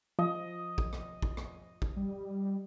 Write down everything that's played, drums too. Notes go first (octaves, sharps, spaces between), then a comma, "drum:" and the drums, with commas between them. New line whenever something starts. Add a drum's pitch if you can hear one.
F3 D#5
drum: kick
drum: rim click
drum: kick
drum: rim click
drum: kick
G3